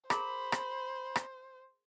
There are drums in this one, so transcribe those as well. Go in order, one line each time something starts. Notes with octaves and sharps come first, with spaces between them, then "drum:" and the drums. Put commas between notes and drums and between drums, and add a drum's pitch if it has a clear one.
G#4 A#4 C5 A#5 B5, drum: rim click
drum: rim click
drum: rim click